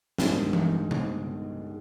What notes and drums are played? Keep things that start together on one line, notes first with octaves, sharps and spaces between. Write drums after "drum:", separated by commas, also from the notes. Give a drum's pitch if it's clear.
B1 G2 D#3 G#3, drum: snare
drum: tom E3
drum: tom C3